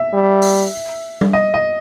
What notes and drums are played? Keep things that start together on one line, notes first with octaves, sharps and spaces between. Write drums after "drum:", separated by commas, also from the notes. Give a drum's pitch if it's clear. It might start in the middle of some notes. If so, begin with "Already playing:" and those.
Already playing: E5
G3
drum: open hi-hat
drum: tom G3
D#5
D#5